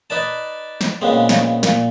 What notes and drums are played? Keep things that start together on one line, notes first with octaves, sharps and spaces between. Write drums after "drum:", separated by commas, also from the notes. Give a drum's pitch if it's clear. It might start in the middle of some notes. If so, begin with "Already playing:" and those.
D#4 B4 D5 A5
drum: snare
A#2 C#3 G#3 B3 C4
drum: snare
A#2, drum: snare